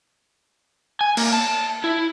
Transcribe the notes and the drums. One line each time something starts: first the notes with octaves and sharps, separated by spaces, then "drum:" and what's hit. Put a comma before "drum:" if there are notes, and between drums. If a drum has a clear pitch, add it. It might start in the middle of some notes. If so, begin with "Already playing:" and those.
G#5
A#3, drum: cymbal
A5
E4